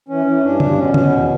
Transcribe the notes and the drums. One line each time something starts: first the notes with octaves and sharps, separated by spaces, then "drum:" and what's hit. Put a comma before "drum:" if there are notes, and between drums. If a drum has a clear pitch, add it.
E3 C#4
E3
G2 D4
G2, drum: tom
B2 C#4
B2, drum: tom
E2